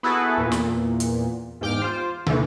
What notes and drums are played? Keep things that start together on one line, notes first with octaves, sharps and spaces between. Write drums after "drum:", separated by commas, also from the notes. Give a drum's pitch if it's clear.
B3 E4 F#4 G#4 A4 B4
E2 A#2
drum: snare
drum: hi-hat
E2 G#2 G5 D6 F6
F4 C5
D#2 A2 D3 E3, drum: tom